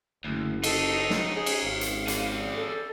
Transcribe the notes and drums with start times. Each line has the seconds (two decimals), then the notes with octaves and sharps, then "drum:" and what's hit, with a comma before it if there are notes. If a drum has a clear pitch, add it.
0.24 F#1 D2
0.64 D#4 A4, drum: cymbal
1.10 drum: snare
1.35 G#4
1.46 drum: cymbal
1.64 G#1 F5
1.81 drum: hi-hat
2.08 G#4 D5, drum: hi-hat
2.56 A4